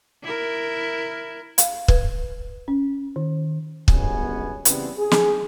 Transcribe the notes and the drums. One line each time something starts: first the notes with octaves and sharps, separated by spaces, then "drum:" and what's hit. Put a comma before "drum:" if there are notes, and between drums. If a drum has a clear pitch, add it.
E4 A#4
F5, drum: hi-hat
B4, drum: kick
C#4
D#3
G1 F#2 G#3 B3 C#4 G#5, drum: kick
C#3 E3 G3 B3 C4, drum: hi-hat
G#4
drum: snare